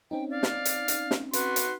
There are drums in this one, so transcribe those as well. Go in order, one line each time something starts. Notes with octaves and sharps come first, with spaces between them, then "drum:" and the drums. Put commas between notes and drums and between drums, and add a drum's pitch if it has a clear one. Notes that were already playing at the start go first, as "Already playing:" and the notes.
C4 C#4 D#4 G5
D5 F5
drum: snare
drum: hi-hat
drum: hi-hat
drum: snare
F#4 B4 C6, drum: hi-hat
drum: hi-hat